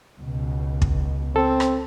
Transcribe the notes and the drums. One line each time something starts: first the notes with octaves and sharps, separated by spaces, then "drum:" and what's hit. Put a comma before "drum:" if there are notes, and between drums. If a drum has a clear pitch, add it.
C#2 B2
drum: kick
C4 A4
drum: rim click